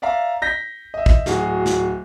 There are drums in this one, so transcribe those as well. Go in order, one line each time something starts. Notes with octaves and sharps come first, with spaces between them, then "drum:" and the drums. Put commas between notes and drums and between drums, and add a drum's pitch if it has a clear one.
D5 E5 F5 A#5
G6 A#6 B6
D#5 E5
drum: kick
D1 F#4 G#4, drum: snare
drum: snare